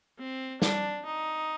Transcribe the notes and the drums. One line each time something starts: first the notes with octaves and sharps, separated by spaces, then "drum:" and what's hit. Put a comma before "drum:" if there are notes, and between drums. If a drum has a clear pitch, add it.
C4
D4, drum: snare
D#4